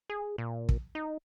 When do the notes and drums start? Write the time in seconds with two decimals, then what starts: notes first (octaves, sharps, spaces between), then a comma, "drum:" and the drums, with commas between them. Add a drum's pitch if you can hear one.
0.10 G#4
0.38 A#2
0.69 drum: kick
0.95 D#4